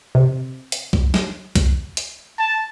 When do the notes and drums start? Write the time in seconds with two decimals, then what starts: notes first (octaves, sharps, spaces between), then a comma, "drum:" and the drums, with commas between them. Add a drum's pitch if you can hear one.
0.15 C3
0.72 drum: hi-hat
0.93 drum: kick C2
1.14 drum: snare
1.56 drum: kick C2, hi-hat
1.97 drum: hi-hat
2.39 A5